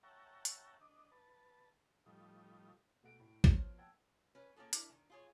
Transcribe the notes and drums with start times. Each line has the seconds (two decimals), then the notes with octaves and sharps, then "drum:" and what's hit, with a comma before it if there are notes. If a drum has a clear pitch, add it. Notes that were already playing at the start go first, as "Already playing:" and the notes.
0.03 C#5 E5 F#5 G5 A5 A#5
0.45 drum: hi-hat
0.81 D4 D#5
1.11 B4 A5
2.06 A2 F3 G3 D#4
3.03 B2 A3 F#5 D7
3.20 A2
3.44 F3 B3 F4 C5 C#5 F5, drum: kick A1
3.78 F#5 G5 A5 E6 G#6
4.35 C#4 B4
4.56 A#3 C#4 F4 G#4 A4
4.73 D4 E4 A#4 D5, drum: hi-hat
4.89 D#3 G#3
5.10 F4 G#4 C#5